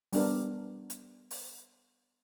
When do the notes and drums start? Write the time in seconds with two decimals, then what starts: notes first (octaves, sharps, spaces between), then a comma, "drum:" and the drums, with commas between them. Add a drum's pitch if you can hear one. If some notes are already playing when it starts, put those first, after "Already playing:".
0.13 G3 B3 D4 A#4, drum: open hi-hat
0.90 drum: hi-hat
1.31 drum: open hi-hat